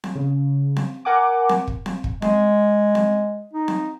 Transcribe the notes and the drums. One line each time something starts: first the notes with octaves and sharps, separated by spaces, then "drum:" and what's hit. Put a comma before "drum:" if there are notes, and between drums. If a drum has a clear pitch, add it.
drum: snare C4
C#3
drum: snare C4
A#4 F#5 G#5 D6
drum: snare C4
drum: kick
drum: snare C4
drum: kick
G#3, drum: snare C4
drum: snare C4
D#4
drum: snare C4